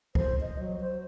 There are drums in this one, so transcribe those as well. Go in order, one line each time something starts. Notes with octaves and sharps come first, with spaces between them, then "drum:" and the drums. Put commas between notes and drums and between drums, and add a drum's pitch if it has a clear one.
C5, drum: kick C2
D#5
F#3
C5